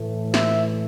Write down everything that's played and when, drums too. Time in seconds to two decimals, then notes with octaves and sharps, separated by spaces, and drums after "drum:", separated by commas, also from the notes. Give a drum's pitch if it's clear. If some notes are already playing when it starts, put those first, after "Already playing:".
Already playing: A2 E3 A3
0.34 E5, drum: snare